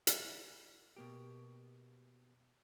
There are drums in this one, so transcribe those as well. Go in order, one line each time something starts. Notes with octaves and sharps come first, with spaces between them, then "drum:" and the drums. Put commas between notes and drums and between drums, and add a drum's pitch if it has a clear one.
drum: hi-hat
B2 A#3 G4